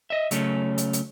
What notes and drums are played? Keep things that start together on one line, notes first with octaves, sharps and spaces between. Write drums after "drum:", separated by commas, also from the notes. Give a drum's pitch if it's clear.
D#5 E5
C#3 F#3 A3 C#4, drum: hi-hat
drum: hi-hat
drum: hi-hat